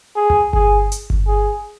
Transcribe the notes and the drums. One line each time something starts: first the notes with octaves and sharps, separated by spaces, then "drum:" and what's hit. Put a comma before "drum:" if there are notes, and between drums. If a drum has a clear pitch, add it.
G#4
drum: tom C#2
G#4, drum: kick G1
drum: hi-hat
drum: kick G1
G#4